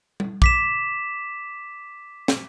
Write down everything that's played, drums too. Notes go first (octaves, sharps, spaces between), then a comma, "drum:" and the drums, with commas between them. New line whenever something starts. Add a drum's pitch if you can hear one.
drum: tom G3
D6 B6 E7, drum: kick
drum: snare